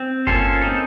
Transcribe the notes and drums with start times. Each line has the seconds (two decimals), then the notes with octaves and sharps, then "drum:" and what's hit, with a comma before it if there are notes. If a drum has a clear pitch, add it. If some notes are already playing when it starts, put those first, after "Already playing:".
Already playing: C4
0.27 A#3 C#4 F4 A4 C5, drum: kick G1
0.62 C4 D#4 A4